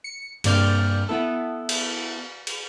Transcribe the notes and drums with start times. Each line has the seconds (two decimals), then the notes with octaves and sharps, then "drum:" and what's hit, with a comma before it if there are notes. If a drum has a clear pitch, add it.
0.04 C#7
0.44 G2 C3 A#3 D5 F6 G6, drum: cymbal
1.09 B3 E4 A4
1.69 drum: cymbal
2.47 drum: cymbal